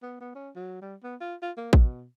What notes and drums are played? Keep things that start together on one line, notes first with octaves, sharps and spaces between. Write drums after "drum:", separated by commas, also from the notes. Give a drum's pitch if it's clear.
B3
B3
C#4
F#3
G3
B3
F4
F4
A#3
B2, drum: kick